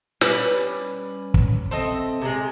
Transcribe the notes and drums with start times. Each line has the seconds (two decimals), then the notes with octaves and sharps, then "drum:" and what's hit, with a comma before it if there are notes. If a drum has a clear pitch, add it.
0.21 G3 C#4 B4, drum: snare
1.34 drum: kick
1.71 C4 A4 D#5 E5
2.21 C3 G#3